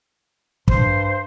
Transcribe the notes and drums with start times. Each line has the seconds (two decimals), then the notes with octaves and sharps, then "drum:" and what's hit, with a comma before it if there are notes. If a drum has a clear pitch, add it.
0.68 G2 C5, drum: kick